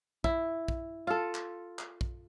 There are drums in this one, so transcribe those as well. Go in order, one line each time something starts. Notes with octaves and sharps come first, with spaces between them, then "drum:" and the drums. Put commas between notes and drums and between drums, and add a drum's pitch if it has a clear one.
E4, drum: kick
drum: kick
F4 A4
drum: clap
drum: clap
drum: kick